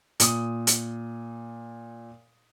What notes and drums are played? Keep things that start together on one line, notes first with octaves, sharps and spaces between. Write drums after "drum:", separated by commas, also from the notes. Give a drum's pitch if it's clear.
A#2 D#6, drum: hi-hat
drum: hi-hat